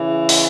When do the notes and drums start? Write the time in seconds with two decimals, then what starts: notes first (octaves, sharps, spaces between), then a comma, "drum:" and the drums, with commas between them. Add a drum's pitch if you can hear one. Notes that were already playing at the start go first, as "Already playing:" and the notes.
Already playing: C#3 E3
0.29 drum: open hi-hat